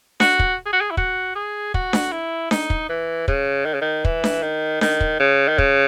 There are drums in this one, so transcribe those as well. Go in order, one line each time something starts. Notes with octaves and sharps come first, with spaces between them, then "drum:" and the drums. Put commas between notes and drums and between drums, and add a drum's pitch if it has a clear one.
F#4, drum: snare D4
drum: kick
G#4
F#4
G#4
E4
F#4, drum: kick
G#4
F#4, drum: kick
drum: snare D4
E4
D#4, drum: snare D4
drum: kick
E3
C#3, drum: kick
D#3
C#3
D#3
E3, drum: kick
drum: snare D4
D#3
D#3, drum: snare D4
drum: kick
C#3
D#3
C#3, drum: kick